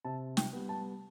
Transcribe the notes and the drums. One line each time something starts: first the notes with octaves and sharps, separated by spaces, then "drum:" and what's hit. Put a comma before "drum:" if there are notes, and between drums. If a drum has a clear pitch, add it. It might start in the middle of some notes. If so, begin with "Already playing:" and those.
C3 A5
G5, drum: snare
G3 B3
A5